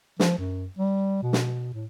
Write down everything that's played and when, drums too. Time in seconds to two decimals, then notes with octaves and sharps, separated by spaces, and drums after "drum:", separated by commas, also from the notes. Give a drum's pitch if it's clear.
0.20 F3, drum: snare
0.38 F#2
0.78 G3
1.23 B2
1.33 drum: snare
1.74 A2